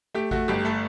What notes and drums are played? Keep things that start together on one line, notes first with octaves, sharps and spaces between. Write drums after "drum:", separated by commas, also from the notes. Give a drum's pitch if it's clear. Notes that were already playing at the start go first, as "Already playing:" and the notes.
A3 G4
A3 F#4, drum: kick G#1
G1 G4
A3 A4